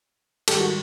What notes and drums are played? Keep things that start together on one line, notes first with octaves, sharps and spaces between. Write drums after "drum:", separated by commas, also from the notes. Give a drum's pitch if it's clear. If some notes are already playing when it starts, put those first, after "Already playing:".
G#2 D#3 G3 G4 A4, drum: cymbal
F#4